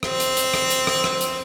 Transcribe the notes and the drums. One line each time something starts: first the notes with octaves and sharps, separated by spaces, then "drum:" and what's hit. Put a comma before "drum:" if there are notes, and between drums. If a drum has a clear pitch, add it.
C4, drum: rim click
drum: hi-hat
drum: hi-hat
drum: rim click
drum: hi-hat
drum: rim click
drum: rim click
drum: hi-hat